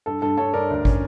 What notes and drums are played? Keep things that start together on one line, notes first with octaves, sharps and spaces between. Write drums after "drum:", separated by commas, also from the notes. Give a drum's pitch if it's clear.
G2 A4
G2 A4
G2 A4 C#5
G2 A#4 D5
D2
C#4, drum: kick